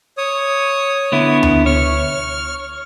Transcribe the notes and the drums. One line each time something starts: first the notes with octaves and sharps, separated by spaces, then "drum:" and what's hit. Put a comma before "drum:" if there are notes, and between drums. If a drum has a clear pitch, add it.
C#5 D#6
D3 B3 E4
drum: tom D2
C#5 F6